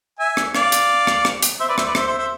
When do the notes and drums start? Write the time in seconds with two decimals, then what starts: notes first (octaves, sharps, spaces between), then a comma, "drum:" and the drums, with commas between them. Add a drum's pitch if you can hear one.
0.19 E5 G#5
0.37 drum: rim click
0.55 D5 F5, drum: rim click
0.72 drum: hi-hat
1.07 drum: rim click
1.25 drum: rim click
1.42 drum: hi-hat
1.60 C5 E5
1.69 B4 D5
1.78 C5 E5, drum: rim click
1.86 B4 D5
1.95 C5 E5, drum: rim click
2.07 C5 E5
2.18 C5 E5